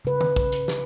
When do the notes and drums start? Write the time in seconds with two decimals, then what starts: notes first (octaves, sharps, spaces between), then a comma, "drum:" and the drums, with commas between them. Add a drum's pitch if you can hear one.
0.05 C#3 B4
0.21 drum: tom
0.36 drum: kick
0.52 drum: hi-hat
0.68 drum: snare